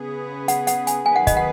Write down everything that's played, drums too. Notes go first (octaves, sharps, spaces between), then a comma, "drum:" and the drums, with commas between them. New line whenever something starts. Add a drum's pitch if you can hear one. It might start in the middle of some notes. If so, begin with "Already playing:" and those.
Already playing: C#3 B3 G#4 B4
F#5, drum: hi-hat
F#5, drum: hi-hat
G#5, drum: hi-hat
F#2 D#3 B3 G#4 B4 G#5
F#5
D#5, drum: kick, hi-hat
F#5